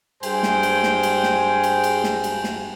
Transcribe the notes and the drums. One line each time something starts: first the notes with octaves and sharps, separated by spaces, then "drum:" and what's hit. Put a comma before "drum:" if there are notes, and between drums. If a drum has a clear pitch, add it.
G2 G#4 C5 G5 G#5, drum: cymbal
drum: snare
drum: cymbal
drum: snare
drum: cymbal
drum: snare
drum: cymbal
drum: cymbal
drum: snare
drum: cymbal
drum: snare